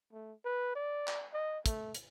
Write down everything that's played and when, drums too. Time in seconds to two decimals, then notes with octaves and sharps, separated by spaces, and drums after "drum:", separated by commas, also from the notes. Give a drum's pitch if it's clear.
0.13 A3
0.45 B4
0.75 D5
1.08 drum: clap
1.33 D#5
1.66 A3, drum: kick, hi-hat
1.94 drum: hi-hat